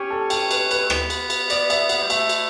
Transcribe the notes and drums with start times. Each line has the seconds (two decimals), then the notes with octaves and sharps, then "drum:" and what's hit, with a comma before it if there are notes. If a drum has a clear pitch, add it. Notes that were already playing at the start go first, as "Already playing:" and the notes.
Already playing: C#4 G4
0.10 A4
0.30 G5, drum: cymbal
0.51 B4, drum: cymbal
0.71 B4, drum: cymbal
0.84 A3
0.90 B3, drum: rim click
1.10 drum: cymbal
1.30 drum: cymbal
1.50 D5, drum: cymbal
1.70 E5, drum: cymbal
1.89 F#5, drum: cymbal
2.03 G3
2.10 A3 E5, drum: cymbal
2.29 drum: cymbal